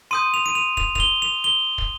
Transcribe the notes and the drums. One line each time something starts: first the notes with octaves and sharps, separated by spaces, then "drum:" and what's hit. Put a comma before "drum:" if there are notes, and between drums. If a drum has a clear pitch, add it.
C6 D#6 G6 D#7
F7
D#7
F7
F7, drum: kick
F7, drum: kick
G7
F7
G7
drum: kick